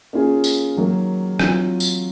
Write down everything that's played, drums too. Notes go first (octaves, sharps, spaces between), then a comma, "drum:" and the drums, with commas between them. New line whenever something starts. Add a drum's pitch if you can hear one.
A#3 C#4 F4 G#4
drum: tambourine
D#3 F#3 A#3
F#3 C4 F4, drum: rim click
drum: tambourine